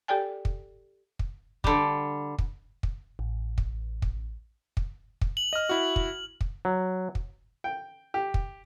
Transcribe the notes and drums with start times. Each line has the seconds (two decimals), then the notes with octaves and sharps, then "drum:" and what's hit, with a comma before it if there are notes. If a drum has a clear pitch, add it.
0.08 G4 A4 D5 G5 G#5
0.45 drum: kick
1.19 drum: kick
1.64 D3 G3, drum: kick
2.39 drum: kick
2.83 drum: kick
3.19 A1
3.58 drum: kick
4.02 drum: kick
4.77 drum: kick
5.21 drum: kick
5.37 F#7
5.53 D#5 F6
5.69 E4 F#4
5.96 drum: kick
6.41 drum: kick
6.65 F#3
7.15 drum: kick
7.64 G5
8.14 G4
8.34 drum: kick